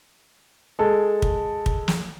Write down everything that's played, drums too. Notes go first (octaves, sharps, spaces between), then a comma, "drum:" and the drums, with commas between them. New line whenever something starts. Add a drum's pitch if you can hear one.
G#3 A4
drum: kick
drum: kick
drum: snare